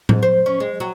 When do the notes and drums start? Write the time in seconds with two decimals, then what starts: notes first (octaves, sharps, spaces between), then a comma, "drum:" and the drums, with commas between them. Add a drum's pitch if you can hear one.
0.09 G#2, drum: tom A2
0.23 C5
0.46 C#4
0.60 G#3
0.80 F#3